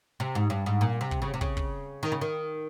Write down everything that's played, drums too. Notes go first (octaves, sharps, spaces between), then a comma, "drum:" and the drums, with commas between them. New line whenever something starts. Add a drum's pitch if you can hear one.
C3
G#2
G2
G#2
A#2
C3
drum: kick
C#3
C3
C#3, drum: kick
drum: kick
D#3
C#3
D#3